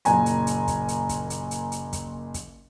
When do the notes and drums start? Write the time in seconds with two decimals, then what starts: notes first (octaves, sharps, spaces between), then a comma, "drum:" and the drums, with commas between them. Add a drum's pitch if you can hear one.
0.05 F#1 A#2 G#5 A#5, drum: hi-hat
0.26 drum: hi-hat
0.47 drum: hi-hat
0.68 drum: kick, hi-hat
0.88 drum: hi-hat
1.09 drum: kick, hi-hat
1.30 drum: hi-hat
1.51 drum: hi-hat
1.72 drum: hi-hat
1.93 drum: kick, hi-hat
2.34 drum: kick, hi-hat